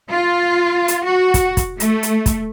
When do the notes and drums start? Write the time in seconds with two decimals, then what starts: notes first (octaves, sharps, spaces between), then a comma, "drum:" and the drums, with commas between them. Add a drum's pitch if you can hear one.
0.10 F4
0.88 drum: hi-hat
1.05 F#4
1.34 drum: kick, hi-hat
1.57 drum: kick, hi-hat
1.80 A3, drum: hi-hat
2.03 drum: hi-hat
2.26 drum: kick, hi-hat